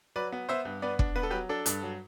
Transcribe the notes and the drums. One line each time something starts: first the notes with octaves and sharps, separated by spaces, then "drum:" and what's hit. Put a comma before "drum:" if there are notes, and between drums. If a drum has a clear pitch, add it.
F#3 B4 D5
B3
B3 C5 E5
G2
B3 B4 D5
D4, drum: kick
B3 B4
A4
F#3 G4 B4
D4 A4
G2, drum: hi-hat
F#3